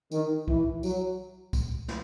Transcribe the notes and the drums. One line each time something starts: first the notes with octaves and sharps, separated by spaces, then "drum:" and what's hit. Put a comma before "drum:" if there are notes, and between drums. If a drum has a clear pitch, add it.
D#3, drum: tambourine
E3, drum: kick C2
F#3, drum: tambourine
drum: kick C2, tambourine
drum: snare